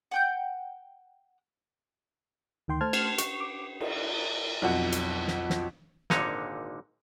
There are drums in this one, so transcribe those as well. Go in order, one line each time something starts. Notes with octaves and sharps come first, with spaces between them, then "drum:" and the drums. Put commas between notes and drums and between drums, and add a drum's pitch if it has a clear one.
F#5 G5 G6
D2 D#3 G5 C6
A3 C5 A5 F6 G#6
drum: cymbal
C#6, drum: hi-hat
D6
drum: cymbal
B1 F2 F#5
drum: hi-hat
drum: snare
drum: snare
G#1 A#2 D3 D#4 C#5, drum: snare